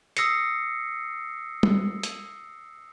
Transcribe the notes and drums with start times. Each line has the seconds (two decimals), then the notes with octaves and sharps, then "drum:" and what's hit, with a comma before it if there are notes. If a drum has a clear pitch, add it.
0.17 D#6 E6 A#6 C7 C#7, drum: hi-hat
1.63 drum: tom
2.03 drum: hi-hat